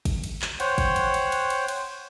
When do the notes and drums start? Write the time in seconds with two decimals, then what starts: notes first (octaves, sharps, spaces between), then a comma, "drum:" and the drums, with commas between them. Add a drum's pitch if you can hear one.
0.05 drum: kick, cymbal
0.24 drum: cymbal
0.42 drum: clap
0.60 C5 C#5 F#5 G5, drum: cymbal
0.78 drum: kick, cymbal
0.96 drum: cymbal
1.14 drum: cymbal
1.32 drum: cymbal
1.50 drum: cymbal
1.68 drum: cymbal